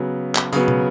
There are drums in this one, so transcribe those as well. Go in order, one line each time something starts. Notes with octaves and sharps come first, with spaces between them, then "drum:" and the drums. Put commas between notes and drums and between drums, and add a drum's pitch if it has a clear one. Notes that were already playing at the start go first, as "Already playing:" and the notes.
Already playing: C#3 F#3 B3
drum: clap
C#3 F#3 B3, drum: tambourine
drum: tom